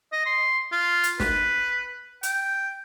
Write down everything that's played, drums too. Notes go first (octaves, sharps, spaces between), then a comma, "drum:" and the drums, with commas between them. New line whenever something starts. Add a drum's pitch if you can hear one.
D#5
C6
F4
drum: hi-hat
B4, drum: snare
G5, drum: hi-hat